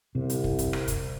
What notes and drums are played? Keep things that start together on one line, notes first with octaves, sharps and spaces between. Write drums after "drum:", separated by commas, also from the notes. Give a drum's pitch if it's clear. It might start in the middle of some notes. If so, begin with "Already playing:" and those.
C2 C3
drum: hi-hat
drum: kick
drum: kick, hi-hat
drum: rim click
drum: kick, hi-hat